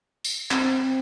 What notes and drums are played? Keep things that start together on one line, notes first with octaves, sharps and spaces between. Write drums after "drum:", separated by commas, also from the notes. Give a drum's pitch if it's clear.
drum: tambourine
C4, drum: clap